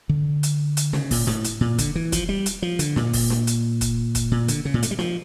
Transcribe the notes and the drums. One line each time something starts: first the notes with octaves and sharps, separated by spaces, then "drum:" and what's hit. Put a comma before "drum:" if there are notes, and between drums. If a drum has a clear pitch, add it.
D3
drum: hi-hat
drum: hi-hat
C#3, drum: snare
A#2, drum: kick, open hi-hat
A2, drum: snare
drum: hi-hat
A#2
D3, drum: kick, hi-hat
E3
F3, drum: kick, hi-hat
G3
drum: hi-hat
F3
D3, drum: hi-hat
A#2, drum: snare
drum: kick, open hi-hat
drum: snare
drum: hi-hat
drum: kick, hi-hat
drum: kick, hi-hat
A#2
D3, drum: hi-hat
C#3
A#2
A3, drum: hi-hat
G3
F3, drum: snare